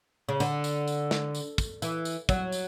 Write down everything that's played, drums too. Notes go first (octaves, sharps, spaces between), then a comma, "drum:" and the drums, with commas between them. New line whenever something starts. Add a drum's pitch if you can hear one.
C#3
D3, drum: tambourine
drum: tambourine
drum: tambourine
drum: snare
drum: tambourine
drum: kick, tambourine
E3, drum: tambourine
drum: tambourine
F#3, drum: kick, tambourine
drum: tambourine